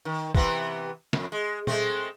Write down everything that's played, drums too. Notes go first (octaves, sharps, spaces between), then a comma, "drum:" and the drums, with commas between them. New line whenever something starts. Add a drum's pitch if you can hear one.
D#3
C3 E3 B3, drum: kick F1
F2, drum: snare
G#3
G#3 A3 C4, drum: tom A#2